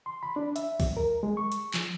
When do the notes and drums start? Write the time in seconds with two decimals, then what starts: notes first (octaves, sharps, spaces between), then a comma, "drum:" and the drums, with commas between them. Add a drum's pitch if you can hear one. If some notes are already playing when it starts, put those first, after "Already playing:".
0.06 C6
0.23 B5
0.36 D4
0.56 E5, drum: hi-hat
0.80 drum: kick B1, open hi-hat
0.97 A#4
1.23 G#3
1.37 C#6
1.52 drum: hi-hat
1.74 F3, drum: clap